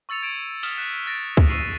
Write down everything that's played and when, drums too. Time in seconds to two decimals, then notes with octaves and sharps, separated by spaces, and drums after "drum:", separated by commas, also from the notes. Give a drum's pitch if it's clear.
0.09 C#6 E6 A6 C#7 F7
0.22 G#6 D7 E7
0.63 D#6 F6 B6 C#7 E7, drum: cymbal
0.78 F#6 B6 E7 F7
1.06 F6 A6 A#6 D7
1.37 drum: kick C#2
1.48 C#6 D#6 E6 C7 D#7